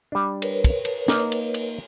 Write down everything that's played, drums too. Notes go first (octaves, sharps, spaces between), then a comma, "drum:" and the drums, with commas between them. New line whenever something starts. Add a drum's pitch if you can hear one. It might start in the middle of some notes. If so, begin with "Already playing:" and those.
G3 D4
A#4 B4 C#5, drum: cymbal
drum: kick, cymbal
A5, drum: cymbal
A#3 D#4, drum: snare
drum: cymbal
drum: cymbal